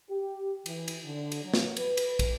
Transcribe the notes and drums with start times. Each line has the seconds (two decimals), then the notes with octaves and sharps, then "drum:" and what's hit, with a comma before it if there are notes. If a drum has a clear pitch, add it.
0.10 G4
0.66 E3, drum: cymbal
0.88 drum: cymbal
1.05 D3
1.32 drum: cymbal
1.44 F#3
1.54 drum: snare
1.77 B4, drum: cymbal
1.97 drum: cymbal
2.19 drum: kick, cymbal